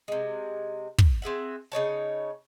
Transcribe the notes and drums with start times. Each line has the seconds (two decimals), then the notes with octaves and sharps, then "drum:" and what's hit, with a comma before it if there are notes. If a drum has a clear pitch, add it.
0.08 C3 G#3
0.98 drum: kick
1.22 C4 G#4 E5 F#5
1.72 C#3 D#4 C#5 A5